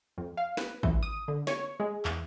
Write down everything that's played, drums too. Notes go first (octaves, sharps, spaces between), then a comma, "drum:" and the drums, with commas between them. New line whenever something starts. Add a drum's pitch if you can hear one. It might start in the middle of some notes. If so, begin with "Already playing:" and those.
F2
F5
B4, drum: snare
E3, drum: kick
D#6
D3
C#5, drum: snare
G#3
E2, drum: clap